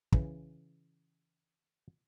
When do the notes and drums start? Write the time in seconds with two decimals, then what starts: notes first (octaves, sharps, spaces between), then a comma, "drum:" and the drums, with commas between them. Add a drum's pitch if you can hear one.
0.12 C#3 E3, drum: kick